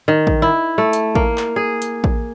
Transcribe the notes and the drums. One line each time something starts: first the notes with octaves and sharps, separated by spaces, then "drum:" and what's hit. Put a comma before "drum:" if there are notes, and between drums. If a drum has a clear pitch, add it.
D#3
drum: kick A1
E4
A3
drum: hi-hat
A#3, drum: kick A1
drum: clap
G#4
drum: hi-hat
drum: kick A1